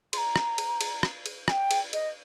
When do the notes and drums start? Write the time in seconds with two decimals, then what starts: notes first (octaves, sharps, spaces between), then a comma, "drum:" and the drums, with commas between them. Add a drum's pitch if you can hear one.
0.13 C6, drum: cymbal
0.18 A#5
0.36 drum: rim click
0.58 drum: cymbal
0.81 drum: cymbal
1.03 drum: rim click
1.26 drum: cymbal
1.48 G#5, drum: rim click
1.51 G5
1.71 drum: cymbal
1.93 D#5, drum: cymbal